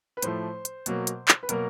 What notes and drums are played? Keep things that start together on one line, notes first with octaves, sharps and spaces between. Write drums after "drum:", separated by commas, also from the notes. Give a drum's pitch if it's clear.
B4
A2 F3 A3 C5, drum: hi-hat
drum: hi-hat
B2 F#3 A#3, drum: hi-hat
drum: hi-hat
drum: clap
B4
B2 F#3 A#3 A#4, drum: hi-hat